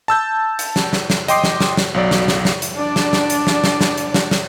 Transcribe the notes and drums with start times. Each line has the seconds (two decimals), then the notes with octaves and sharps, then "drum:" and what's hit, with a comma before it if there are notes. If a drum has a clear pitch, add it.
0.08 A5 E6 G6
0.59 drum: hi-hat
0.76 drum: snare
0.93 drum: snare
1.10 drum: snare
1.28 D#5 G5 C6 D6 D#6 C7, drum: hi-hat
1.44 drum: snare
1.60 drum: snare
1.77 drum: snare
1.94 B1 F#3 D5
2.11 drum: snare
2.28 drum: snare
2.45 drum: snare
2.62 drum: hi-hat
2.75 D4 D5
2.96 drum: snare
3.13 drum: snare
3.30 drum: hi-hat
3.47 drum: snare
3.64 drum: snare
3.81 drum: snare
3.98 drum: hi-hat
4.14 drum: snare
4.31 drum: snare